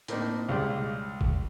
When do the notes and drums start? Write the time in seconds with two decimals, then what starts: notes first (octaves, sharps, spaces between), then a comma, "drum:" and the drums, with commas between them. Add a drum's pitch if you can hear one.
0.08 A2 A#3 C4 D4 D#4, drum: hi-hat
0.49 C#2 G3 G#3 D5
1.21 drum: kick F#1